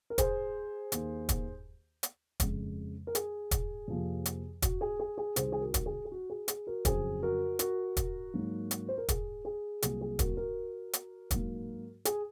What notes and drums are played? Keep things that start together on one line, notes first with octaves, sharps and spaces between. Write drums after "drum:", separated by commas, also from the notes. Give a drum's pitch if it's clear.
A#4
G#4 C5, drum: kick, hi-hat
D#2 D#3 A#3, drum: hi-hat
drum: kick, hi-hat
drum: hi-hat
F2 C#3 G#3, drum: kick, hi-hat
A#4
G#4, drum: hi-hat
drum: kick, hi-hat
F2 C3 F3 A#3
drum: hi-hat
F#4, drum: kick, hi-hat
G#4
G#4
G#4
C2 C3 D#3 G#4 C5, drum: hi-hat
G#4
F#4 A#4
drum: kick, hi-hat
G#4
G#4
F#4
G#4
G#4, drum: hi-hat
F#4 A#4
F2 C#3 F#3 G#4 C5, drum: kick, hi-hat
F#4 A#4
F#4 A#4, drum: hi-hat
drum: kick, hi-hat
G#2 F#3 A#3
drum: hi-hat
C5
A#4
G#4, drum: kick, hi-hat
G#4
C2 C3 F#3 A#3 G#4, drum: hi-hat
G#4
F#4 A#4, drum: kick, hi-hat
F#4 A#4
drum: hi-hat
G#2 F#3 A#3, drum: kick, hi-hat
G#4, drum: hi-hat